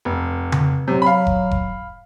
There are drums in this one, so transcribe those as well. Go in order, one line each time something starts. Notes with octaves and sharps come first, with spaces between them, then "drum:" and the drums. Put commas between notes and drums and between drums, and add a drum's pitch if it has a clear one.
F1
drum: tom C#3
C3 F#3
F5 B5
drum: kick F1
drum: kick F1